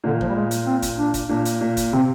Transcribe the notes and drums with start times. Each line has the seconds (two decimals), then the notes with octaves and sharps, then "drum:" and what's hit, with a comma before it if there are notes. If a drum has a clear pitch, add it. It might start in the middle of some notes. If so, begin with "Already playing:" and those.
0.04 A#2 D3
0.13 D#3
0.21 F3, drum: kick
0.28 G3
0.35 G#3
0.51 drum: hi-hat
0.66 C4
0.82 drum: kick, hi-hat
0.98 D4
1.14 drum: kick, hi-hat
1.25 A#2 D4
1.45 drum: hi-hat
1.61 A#2
1.77 drum: kick, hi-hat
1.93 C3 C4